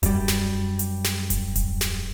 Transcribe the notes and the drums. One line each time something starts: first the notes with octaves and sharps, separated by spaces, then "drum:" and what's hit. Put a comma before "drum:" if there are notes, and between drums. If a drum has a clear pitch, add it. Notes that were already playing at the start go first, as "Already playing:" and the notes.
F#2 G3, drum: kick D#1, hi-hat
drum: snare
drum: hi-hat
drum: snare
drum: kick D#1, hi-hat
drum: kick D#1, hi-hat
drum: snare